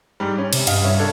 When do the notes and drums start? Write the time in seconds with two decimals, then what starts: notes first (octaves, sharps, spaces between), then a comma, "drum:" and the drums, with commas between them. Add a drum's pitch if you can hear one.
0.20 G#2 G3
0.38 C#4
0.53 C3, drum: cymbal
0.67 G2 D#5 F5, drum: cymbal
0.84 C#4 E4
0.99 D4 A4 C#5